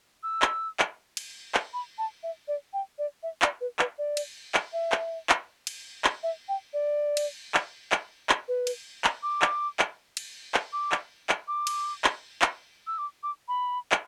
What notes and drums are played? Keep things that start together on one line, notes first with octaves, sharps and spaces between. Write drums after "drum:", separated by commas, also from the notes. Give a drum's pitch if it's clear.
E6
drum: clap
drum: clap
drum: cymbal
drum: clap
B5
A5
E5
D5
G5
D5
E5
D5, drum: clap
B4
B4, drum: clap
D5
drum: cymbal
drum: clap
E5
drum: clap
drum: clap
drum: cymbal
drum: clap
E5
G5
D5
drum: cymbal
drum: clap
drum: clap
drum: clap
B4
drum: cymbal
drum: clap
D6
drum: clap
drum: clap
drum: cymbal
drum: clap
D6
drum: clap
drum: clap
D6
drum: cymbal
drum: clap
drum: clap
E6
D6
D6
B5
drum: clap